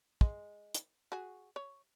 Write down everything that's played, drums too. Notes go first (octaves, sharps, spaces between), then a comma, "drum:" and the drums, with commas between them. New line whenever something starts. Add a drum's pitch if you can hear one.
G#3, drum: kick
drum: hi-hat
F#4 G#4
C#5